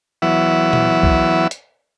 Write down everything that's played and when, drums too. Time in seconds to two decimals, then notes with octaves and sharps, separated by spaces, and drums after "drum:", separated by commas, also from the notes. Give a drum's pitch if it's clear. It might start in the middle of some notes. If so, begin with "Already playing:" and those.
0.22 E3 F#3 B3 E4
0.73 drum: tom A#2
1.03 drum: kick C2
1.51 drum: hi-hat